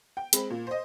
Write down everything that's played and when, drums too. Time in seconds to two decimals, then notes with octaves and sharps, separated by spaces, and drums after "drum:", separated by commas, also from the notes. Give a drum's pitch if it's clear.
0.17 G5
0.33 G#3 C4 B5, drum: hi-hat
0.50 A#2
0.67 C5 D#5